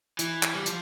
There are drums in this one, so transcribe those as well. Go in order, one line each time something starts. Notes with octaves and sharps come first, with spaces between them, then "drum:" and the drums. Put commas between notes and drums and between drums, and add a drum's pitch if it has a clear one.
E3, drum: hi-hat
drum: clap
G3
F3, drum: hi-hat